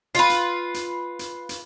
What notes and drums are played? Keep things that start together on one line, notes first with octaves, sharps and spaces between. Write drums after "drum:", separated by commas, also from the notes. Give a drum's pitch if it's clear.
F4 B4, drum: hi-hat
drum: hi-hat
drum: hi-hat
drum: hi-hat
drum: hi-hat